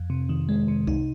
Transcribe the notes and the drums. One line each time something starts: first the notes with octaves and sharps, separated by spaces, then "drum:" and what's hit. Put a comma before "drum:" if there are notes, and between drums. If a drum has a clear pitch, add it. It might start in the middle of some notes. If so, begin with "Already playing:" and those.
Already playing: F2
C3
D#3
G#3
C3
D#4, drum: kick C2